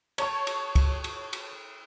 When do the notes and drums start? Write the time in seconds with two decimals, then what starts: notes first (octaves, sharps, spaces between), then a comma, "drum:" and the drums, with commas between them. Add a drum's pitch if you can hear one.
0.18 C#5 A5 C#6, drum: cymbal
0.47 drum: cymbal
0.76 drum: kick C#2, cymbal
1.04 drum: cymbal
1.33 drum: cymbal